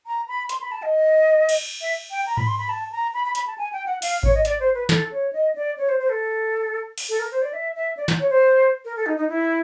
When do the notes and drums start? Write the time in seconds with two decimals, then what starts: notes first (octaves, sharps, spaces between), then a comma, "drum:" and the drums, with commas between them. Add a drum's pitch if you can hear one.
0.06 A#5
0.28 B5
0.49 C6, drum: hi-hat
0.61 B5
0.72 A5
0.83 D#5
1.49 drum: cymbal
1.81 E5
2.11 G5
2.26 A#5
2.37 B5, drum: tom G#2
2.47 C6
2.58 B5
2.69 A5
2.92 A#5
3.14 B5
3.25 B5
3.35 B5, drum: hi-hat
3.47 A5
3.58 G#5
3.73 G5
3.86 F#5
4.02 F5, drum: open hi-hat
4.23 C#5, drum: kick G#1
4.34 D#5
4.45 D5, drum: hi-hat
4.60 C5
4.74 B4
4.89 A4, drum: snare
5.12 C#5
5.33 D#5
5.55 D5
5.78 C#5
5.89 C5
6.00 C5
6.10 A4
6.98 drum: open hi-hat
7.09 A4
7.19 A#4
7.31 C5
7.42 D5
7.53 E5
7.75 E5
7.97 D5
8.08 drum: snare
8.19 C#5
8.30 C5
8.85 A#4
8.96 A4
9.06 D#4
9.17 D#4
9.29 E4